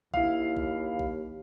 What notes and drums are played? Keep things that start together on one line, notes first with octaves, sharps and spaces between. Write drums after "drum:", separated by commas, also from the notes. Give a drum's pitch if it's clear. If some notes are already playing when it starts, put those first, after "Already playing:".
D#2 E4 F5, drum: kick B1
drum: kick B1
drum: kick B1